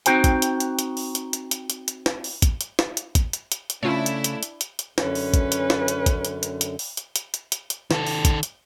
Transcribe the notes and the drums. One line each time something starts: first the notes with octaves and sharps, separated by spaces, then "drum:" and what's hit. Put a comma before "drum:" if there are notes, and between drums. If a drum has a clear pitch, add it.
C4 D4 D#4 F#4 C5 G5, drum: hi-hat
drum: kick A1, hi-hat
drum: hi-hat
drum: hi-hat
drum: hi-hat
drum: open hi-hat
drum: hi-hat
drum: hi-hat
drum: hi-hat
drum: hi-hat
drum: hi-hat
drum: snare
drum: open hi-hat
drum: kick A1, hi-hat
drum: hi-hat
drum: snare
drum: hi-hat
drum: kick A1, hi-hat
drum: hi-hat
drum: hi-hat
drum: hi-hat
C#3 A3 D4 E4 F4 C#5
drum: hi-hat
drum: hi-hat
drum: hi-hat
drum: hi-hat
drum: hi-hat
F#2 D3 C#4 B4, drum: snare
drum: open hi-hat
drum: kick A1, hi-hat
drum: hi-hat
drum: snare
drum: hi-hat
drum: kick A1, hi-hat
drum: hi-hat
drum: hi-hat
drum: hi-hat
drum: open hi-hat
drum: hi-hat
drum: hi-hat
drum: hi-hat
drum: hi-hat
drum: hi-hat
D#3 A4, drum: snare
drum: open hi-hat
drum: kick A1, hi-hat
drum: hi-hat